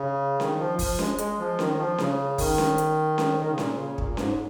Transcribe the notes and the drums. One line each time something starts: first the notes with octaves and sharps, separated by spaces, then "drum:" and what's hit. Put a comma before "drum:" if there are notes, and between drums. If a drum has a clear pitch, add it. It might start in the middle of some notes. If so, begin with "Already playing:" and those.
Already playing: C#3
D#3, drum: snare C#4
F3
F3, drum: kick, open hi-hat
G#3, drum: snare C#4
G#3, drum: hi-hat
F3
D#3, drum: snare C#4
D#3
F3
C#3, drum: snare C#4
D#3, drum: kick, open hi-hat
drum: snare C#4
drum: hi-hat
drum: snare C#4
D#3
C#3
A#2, drum: snare C#4
C#3
A#2, drum: kick
A#2
G#2, drum: snare C#4